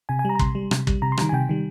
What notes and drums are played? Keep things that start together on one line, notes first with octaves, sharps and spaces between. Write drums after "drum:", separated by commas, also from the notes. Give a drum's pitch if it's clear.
C3 G#5
G#5
G3 A#5
A#5
C3 C6, drum: kick
G3
C3, drum: rim click
G3, drum: kick
C3 A#5
C6
D#3 G3 A#5, drum: rim click
G#5
C3 G5
D#3 G3